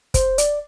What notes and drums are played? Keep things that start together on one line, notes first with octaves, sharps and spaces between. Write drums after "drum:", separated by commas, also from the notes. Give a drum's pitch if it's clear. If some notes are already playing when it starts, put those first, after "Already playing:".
C5, drum: kick, hi-hat
D5, drum: hi-hat